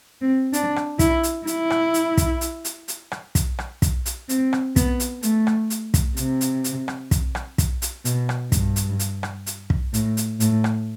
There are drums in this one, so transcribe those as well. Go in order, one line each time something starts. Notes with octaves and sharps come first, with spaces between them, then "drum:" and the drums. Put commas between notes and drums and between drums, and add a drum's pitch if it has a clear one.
C4
D4, drum: hi-hat
drum: rim click
E4, drum: kick, hi-hat
drum: hi-hat
E4, drum: hi-hat
drum: rim click
drum: hi-hat
drum: kick, hi-hat
drum: hi-hat
drum: hi-hat
drum: hi-hat
drum: rim click
drum: kick, hi-hat
drum: rim click
drum: kick, hi-hat
drum: hi-hat
C4, drum: hi-hat
drum: rim click
B3, drum: kick, hi-hat
drum: hi-hat
A3, drum: hi-hat
drum: rim click
drum: hi-hat
drum: kick, hi-hat
C3, drum: hi-hat
drum: hi-hat
drum: hi-hat
drum: rim click
drum: kick, hi-hat
drum: rim click
drum: kick, hi-hat
drum: hi-hat
B2, drum: hi-hat
drum: rim click
G2, drum: kick, hi-hat
drum: hi-hat
drum: hi-hat
drum: rim click
drum: hi-hat
drum: kick
A2, drum: hi-hat
drum: hi-hat
A2, drum: hi-hat
drum: rim click